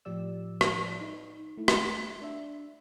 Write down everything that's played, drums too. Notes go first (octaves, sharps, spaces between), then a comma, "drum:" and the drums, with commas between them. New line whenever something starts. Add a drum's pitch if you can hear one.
A2 F3 G4 D5 E6
drum: rim click
D#4 B4
A3 E4
drum: rim click
D4 E5